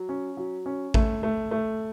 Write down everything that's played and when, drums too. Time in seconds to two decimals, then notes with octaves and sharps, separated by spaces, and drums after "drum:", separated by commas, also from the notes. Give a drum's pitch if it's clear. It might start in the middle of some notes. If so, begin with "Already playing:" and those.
Already playing: F#3
0.09 C#4
0.37 F#3
0.66 C#4
0.94 A3, drum: kick A1
1.23 A3
1.51 A3